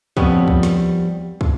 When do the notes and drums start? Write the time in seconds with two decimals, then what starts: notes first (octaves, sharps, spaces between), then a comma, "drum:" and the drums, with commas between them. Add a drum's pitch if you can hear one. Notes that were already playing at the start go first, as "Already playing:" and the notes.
0.17 F3 G3 B3 C4 B4 C#5, drum: kick
0.48 drum: kick
0.63 drum: snare
1.41 drum: kick